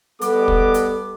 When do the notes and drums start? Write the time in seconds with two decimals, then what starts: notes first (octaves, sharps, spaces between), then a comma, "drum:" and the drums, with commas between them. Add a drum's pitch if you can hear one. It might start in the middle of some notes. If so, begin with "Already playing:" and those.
0.21 G3 B3 A4 D#5 D6, drum: hi-hat
0.48 drum: kick
0.74 drum: hi-hat